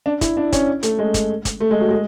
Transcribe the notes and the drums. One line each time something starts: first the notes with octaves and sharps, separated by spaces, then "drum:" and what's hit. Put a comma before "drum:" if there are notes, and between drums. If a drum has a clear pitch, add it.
D4
E4, drum: kick, hi-hat
D4
C#4, drum: kick, hi-hat
A3, drum: hi-hat
G#3
drum: kick, hi-hat
drum: kick, hi-hat
A3
G#3
F#3
G#3